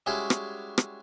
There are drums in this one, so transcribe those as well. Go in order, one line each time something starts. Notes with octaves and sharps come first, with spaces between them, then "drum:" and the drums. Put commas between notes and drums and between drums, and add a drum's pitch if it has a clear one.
G3 G#3 C#4 E4 F#4 G#4
drum: rim click
drum: rim click